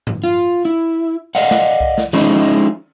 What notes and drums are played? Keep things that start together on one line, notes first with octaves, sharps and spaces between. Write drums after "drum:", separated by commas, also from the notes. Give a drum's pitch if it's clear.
drum: tom
F4
E4
D5 D#5 F5 F#5, drum: cymbal
drum: snare
drum: kick C2
drum: snare
F3 G#3 C#4 D#4 E4, drum: tom D#3